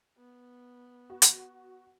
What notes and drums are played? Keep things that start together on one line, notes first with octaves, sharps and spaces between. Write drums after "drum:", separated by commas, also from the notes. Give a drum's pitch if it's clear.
B3
F#4
drum: hi-hat